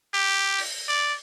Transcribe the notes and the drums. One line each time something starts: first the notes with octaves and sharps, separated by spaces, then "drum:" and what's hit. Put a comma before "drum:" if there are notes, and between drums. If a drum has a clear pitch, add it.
G4
drum: open hi-hat
D5